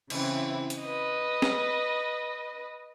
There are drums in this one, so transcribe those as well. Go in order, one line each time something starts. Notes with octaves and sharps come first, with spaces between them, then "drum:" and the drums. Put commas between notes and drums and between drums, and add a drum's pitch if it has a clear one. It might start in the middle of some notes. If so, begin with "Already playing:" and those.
C#3 E3 C4 E4, drum: cymbal
drum: hi-hat
B4 D#5
drum: snare